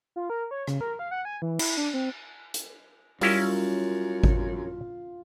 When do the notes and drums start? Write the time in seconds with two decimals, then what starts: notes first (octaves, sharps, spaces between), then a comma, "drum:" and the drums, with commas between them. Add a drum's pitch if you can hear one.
0.16 F4
0.30 A#4
0.51 C#5
0.67 C#3, drum: rim click
0.81 A#4
0.99 F5
1.11 F#5
1.25 G#5
1.42 E3
1.59 E4, drum: cymbal
1.77 D4
1.94 C4
2.54 drum: hi-hat
3.21 F#2 G3 C#4 E4 F4 A#4, drum: open hi-hat
4.23 drum: kick G#1